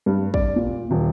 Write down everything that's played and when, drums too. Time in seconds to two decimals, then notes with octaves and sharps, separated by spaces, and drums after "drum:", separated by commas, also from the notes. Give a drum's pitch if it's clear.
0.06 G2
0.34 D5, drum: kick
0.56 A#2
0.91 D#1